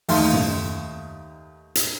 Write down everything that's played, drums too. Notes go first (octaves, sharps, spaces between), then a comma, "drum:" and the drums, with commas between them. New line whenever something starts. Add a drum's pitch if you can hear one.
D#2 A3 D#4 F5 C6, drum: open hi-hat
drum: tom F#2
drum: hi-hat